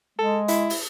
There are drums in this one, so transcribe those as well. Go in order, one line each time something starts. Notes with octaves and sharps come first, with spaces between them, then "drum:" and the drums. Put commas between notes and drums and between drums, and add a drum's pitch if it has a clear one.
G#3 A4
E4, drum: hi-hat
drum: open hi-hat